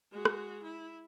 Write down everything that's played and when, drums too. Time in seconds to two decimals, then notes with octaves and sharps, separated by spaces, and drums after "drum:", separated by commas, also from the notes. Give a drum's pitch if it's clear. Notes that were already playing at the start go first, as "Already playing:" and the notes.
0.12 G#3 F#4
0.25 drum: rim click
0.63 E4